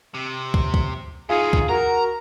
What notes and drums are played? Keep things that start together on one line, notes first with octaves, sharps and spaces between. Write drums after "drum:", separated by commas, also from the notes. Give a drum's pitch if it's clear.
C3
drum: kick
drum: kick
E2 D#4 F4 G#4
drum: kick
F#4 A#4 A#5